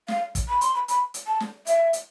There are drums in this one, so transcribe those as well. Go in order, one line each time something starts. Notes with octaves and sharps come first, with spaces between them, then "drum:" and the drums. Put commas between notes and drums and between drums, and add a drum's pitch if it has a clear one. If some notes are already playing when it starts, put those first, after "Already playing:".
F5, drum: snare
drum: kick, hi-hat
B5
C6, drum: hi-hat
B5
B5, drum: hi-hat
drum: hi-hat
A5
drum: snare
E5, drum: hi-hat
drum: hi-hat